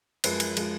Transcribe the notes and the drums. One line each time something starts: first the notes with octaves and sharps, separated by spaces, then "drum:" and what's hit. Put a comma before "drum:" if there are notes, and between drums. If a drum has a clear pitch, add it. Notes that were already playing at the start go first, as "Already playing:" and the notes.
F#2 F3 G#3 B4, drum: cymbal
drum: cymbal
F3 G#3, drum: cymbal